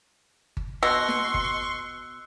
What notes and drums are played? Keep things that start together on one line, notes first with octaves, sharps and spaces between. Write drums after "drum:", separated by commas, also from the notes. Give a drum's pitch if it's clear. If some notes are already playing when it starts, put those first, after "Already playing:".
drum: kick G1
B2 C6 C#6 E6 F#6
drum: snare
drum: kick G1